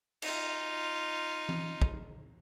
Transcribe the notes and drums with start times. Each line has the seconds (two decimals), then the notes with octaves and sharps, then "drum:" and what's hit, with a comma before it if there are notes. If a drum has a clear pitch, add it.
0.22 D#4 F4, drum: cymbal
1.49 drum: tom E3
1.82 drum: kick